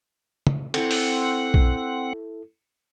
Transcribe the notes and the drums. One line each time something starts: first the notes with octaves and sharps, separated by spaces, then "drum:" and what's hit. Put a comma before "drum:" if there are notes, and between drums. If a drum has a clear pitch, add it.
drum: tom
C4 E4 A4 F#5, drum: cymbal
drum: open hi-hat
drum: kick B1